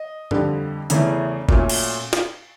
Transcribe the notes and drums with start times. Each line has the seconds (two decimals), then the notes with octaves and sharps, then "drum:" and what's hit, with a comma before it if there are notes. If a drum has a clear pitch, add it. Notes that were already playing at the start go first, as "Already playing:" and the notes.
Already playing: D#5
0.31 F2 D3 G3, drum: tom G2
0.90 E2 C#3 E3 A3 C#4, drum: hi-hat
1.49 A#2 F#3 A3 C#4, drum: kick G1
1.69 drum: cymbal
2.13 drum: snare